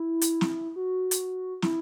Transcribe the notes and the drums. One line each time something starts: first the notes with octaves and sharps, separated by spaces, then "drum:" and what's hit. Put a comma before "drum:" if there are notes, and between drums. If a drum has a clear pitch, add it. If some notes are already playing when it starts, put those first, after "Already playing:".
Already playing: E4
drum: hi-hat
drum: snare
F#4
drum: hi-hat
E4, drum: snare